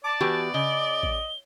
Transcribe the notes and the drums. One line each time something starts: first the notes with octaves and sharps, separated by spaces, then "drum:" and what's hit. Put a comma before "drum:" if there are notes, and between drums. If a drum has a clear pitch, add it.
D5 A5 D6
E3 B3 F#4 G4
C#3 D#5 G7
drum: kick A1